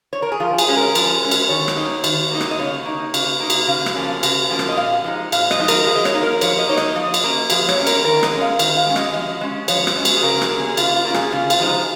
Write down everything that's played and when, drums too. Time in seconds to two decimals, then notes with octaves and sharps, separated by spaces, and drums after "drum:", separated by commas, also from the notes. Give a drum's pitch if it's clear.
0.13 C#5
0.22 A#4
0.32 G#4
0.40 F3 F4
0.58 G#4, drum: cymbal
0.68 G#3 C#4
0.77 A#4
0.95 F3, drum: cymbal
1.22 G#3 C#4
1.31 drum: cymbal
1.49 D#3 C#5
1.68 drum: rim click
1.77 A#3 D#4
2.04 D#3, drum: cymbal
2.31 A#3 D#4
2.41 drum: rim click
2.51 D#5
2.59 C#3 C#5
2.86 A#3 D#4
3.14 C#3, drum: cymbal
3.40 A#3 D#4
3.50 drum: cymbal
3.67 C#3 F5
3.86 drum: rim click
3.96 F3 A#3 C#4
4.23 C#3, drum: cymbal
4.50 F3 A#3 C#4
4.59 drum: rim click
4.69 D#5
4.77 A#2 F5
5.04 F3 G#3 D#4
5.32 A#2 F5, drum: cymbal
5.51 D#5, drum: rim click
5.59 F3 G#3 D#4
5.68 A#4, drum: cymbal
5.86 F3 G#4
5.96 D#5
6.05 C#5, drum: rim click
6.14 A#3 D#4
6.23 A#4
6.41 F3 C#5, drum: cymbal
6.59 D#5
6.68 A#3 D#4 C#5
6.77 D#5, drum: rim click
6.95 F3 D#5
7.14 drum: cymbal
7.24 A#3 C#4
7.50 F3 G#4, drum: cymbal
7.68 C#5, drum: rim click
7.78 A#3 C#4
7.87 A#4, drum: cymbal
8.04 D#3 A#4
8.23 D#5, drum: rim click
8.32 G#3 C#4
8.42 F5
8.59 D#3, drum: cymbal
8.77 F5
8.86 G#3 C#4
8.96 D#5, drum: rim click
9.13 F3 D#5
9.41 G#3 C#4
9.68 F3 C#5, drum: cymbal
9.87 drum: rim click
9.96 G#3 C#4
10.05 drum: cymbal
10.16 G#4
10.23 C#3 A#4
10.42 G#4, drum: rim click
10.51 A#3 C#4
10.60 G#4
10.77 C#3 F4, drum: cymbal
10.96 F4
11.05 A#3 C#4
11.14 G#4, drum: rim click
11.32 C#3 F4
11.50 F4, drum: cymbal
11.60 F3 G#3 D#4